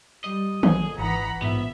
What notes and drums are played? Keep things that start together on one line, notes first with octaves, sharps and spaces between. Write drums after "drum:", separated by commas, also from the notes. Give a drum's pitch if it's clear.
G3 D#5
A#1 D3 F#3 G#4, drum: tom D#3
G#1 E3 F#5 A#5 B5
A#1 G#2 B3 E5